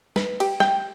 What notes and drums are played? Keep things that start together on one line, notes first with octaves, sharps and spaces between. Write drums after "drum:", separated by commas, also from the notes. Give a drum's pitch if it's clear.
B4, drum: snare
G4, drum: cymbal
G5, drum: snare